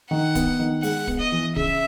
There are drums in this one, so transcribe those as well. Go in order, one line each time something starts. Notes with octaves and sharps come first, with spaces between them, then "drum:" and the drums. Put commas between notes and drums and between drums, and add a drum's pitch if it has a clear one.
D#3 F#5
B3, drum: kick D1, hi-hat
D#3
G#3 F#5, drum: open hi-hat
B3, drum: kick D1
D#5
E3
C#3 E5, drum: kick D1